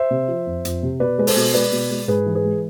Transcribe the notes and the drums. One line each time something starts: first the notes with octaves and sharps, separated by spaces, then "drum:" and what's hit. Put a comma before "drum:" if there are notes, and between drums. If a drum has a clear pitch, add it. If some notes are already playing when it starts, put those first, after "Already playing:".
Already playing: C5 E5
C3
F3
F2
F2, drum: hi-hat
C3
B2 B4 D5
G#3 B4
A4 C5, drum: open hi-hat
B2
G#3 B4 D5
B2
G#3
G#2 G#4 B4
E3
G#4 B4
G#3